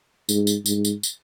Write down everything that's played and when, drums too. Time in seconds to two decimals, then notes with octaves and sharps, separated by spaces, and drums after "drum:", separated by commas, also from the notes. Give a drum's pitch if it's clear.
0.29 G#2, drum: tambourine
0.47 drum: tambourine
0.66 G#2, drum: tambourine
0.85 drum: tambourine
1.03 drum: tambourine